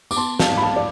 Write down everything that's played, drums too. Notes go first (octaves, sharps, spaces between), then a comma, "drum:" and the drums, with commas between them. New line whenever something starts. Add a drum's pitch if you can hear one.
D6, drum: tambourine
B3 A5 C6
F5 A5, drum: snare
G#1
B5
F5 A5
D5